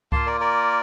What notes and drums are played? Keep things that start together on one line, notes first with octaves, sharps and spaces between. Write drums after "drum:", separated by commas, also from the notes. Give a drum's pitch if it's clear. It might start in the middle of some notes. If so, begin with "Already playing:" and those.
A#3 F4 A5 C6, drum: kick C#2
A#4 D5
A#4 D5